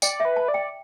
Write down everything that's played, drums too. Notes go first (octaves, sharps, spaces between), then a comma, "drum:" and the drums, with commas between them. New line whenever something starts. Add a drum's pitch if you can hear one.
D5 G5, drum: tambourine
E5
B4
A5
D5
G5